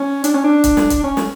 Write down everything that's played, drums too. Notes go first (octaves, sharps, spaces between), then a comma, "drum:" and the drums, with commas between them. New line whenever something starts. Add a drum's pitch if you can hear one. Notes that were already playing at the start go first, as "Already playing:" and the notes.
Already playing: C#4
D4, drum: hi-hat
C#4
D4
drum: kick, hi-hat
drum: snare
drum: kick, hi-hat
C#4
drum: snare